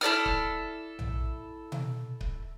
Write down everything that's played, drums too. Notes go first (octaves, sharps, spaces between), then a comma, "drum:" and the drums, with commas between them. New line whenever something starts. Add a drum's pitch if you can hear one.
E4 A4 D5 F6
drum: kick C#1
drum: tom A#1
drum: tom B2
drum: kick C#1